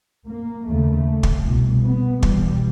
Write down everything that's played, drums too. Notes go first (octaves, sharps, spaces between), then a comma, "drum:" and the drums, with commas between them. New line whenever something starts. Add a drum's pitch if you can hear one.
A#3
D#2 C#3 A3
drum: kick
C2 B2
B3
E2 B2 G3, drum: kick